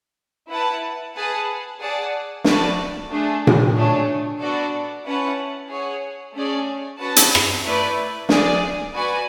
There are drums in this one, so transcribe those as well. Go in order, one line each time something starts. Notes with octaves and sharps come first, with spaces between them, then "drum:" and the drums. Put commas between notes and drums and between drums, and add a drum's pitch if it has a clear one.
E4 B4 F#5 A5
G#4 B4 F#5 A5
G#4 D5 F#5 A5
F#4 B4 D5 A5, drum: snare
A3 D4 G#4
drum: tom A#2
A3 D4 G#4 C#5
B3 D4 F#4 A4 D5
C#4 E4 B4 F#5 A5
G#4 C#5 F#5
A3 C#4 G#4 D5
C#4 F#4 B4 F#5 A5
drum: hi-hat
drum: rim click
A3 E4 B4 D5
G#4 D5 G#5, drum: snare
F#4 B4 D5 G#5